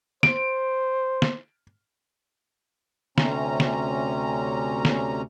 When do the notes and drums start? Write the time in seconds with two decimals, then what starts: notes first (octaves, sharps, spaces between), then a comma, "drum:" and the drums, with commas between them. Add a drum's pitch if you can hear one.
0.23 C5 D7, drum: snare
1.22 drum: snare
3.18 D2 C3 C#4 A#5, drum: snare
3.60 drum: snare
4.85 drum: snare